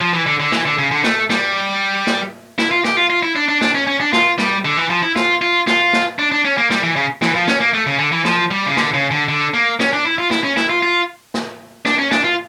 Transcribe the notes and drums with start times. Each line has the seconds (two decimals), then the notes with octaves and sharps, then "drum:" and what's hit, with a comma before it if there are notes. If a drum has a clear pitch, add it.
0.01 F3
0.13 E3
0.26 D3
0.40 D3
0.52 E3, drum: snare
0.65 D3
0.78 C#3
0.91 D3
1.04 A3, drum: snare
1.30 G3, drum: snare
2.07 drum: snare
2.58 E4, drum: snare
2.71 F4
2.85 G4, drum: snare
2.97 F4
3.10 F4
3.23 E4
3.36 D4
3.48 D4
3.61 D4, drum: snare
3.75 C#4
3.87 C#4
4.00 D4
4.13 F4, drum: snare
4.38 G3, drum: snare
4.65 D3
4.77 E3
4.90 F3
5.03 E4
5.16 F4, drum: snare
5.42 F4
5.67 F4, drum: snare
5.93 drum: snare
6.19 D4
6.32 D4
6.45 C#4
6.58 A#3
6.71 G3, drum: snare
6.83 E3
6.96 C#3
7.22 E3, drum: snare
7.35 F3
7.48 C#4, drum: snare
7.60 A#3
7.74 A3
7.86 C#3
7.99 D3
8.12 E3
8.25 F3, drum: snare
8.51 G3
8.66 C#3
8.77 D3, drum: snare
8.94 C#3
9.11 D3
9.29 D3
9.54 A#3
9.80 C#4, drum: snare
9.93 D4
10.05 E4
10.18 F4
10.31 E4, drum: snare
10.43 C#4
10.57 E4, drum: snare
10.70 F4
10.83 F4
11.34 drum: snare
11.85 D4, drum: snare
11.98 C#4
12.11 D4, drum: snare
12.24 F4